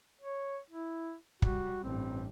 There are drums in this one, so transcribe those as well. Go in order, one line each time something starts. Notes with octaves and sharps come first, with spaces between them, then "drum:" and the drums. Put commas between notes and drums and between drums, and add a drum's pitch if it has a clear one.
C#5
E4
G3 F#4, drum: kick
A1 G2 C4